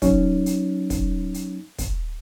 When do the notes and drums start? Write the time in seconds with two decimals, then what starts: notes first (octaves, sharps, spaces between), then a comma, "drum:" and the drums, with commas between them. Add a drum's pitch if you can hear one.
0.02 F#3 C#4 D#4, drum: kick, hi-hat
0.46 drum: hi-hat
0.90 drum: kick, hi-hat
1.34 drum: hi-hat
1.78 drum: kick, hi-hat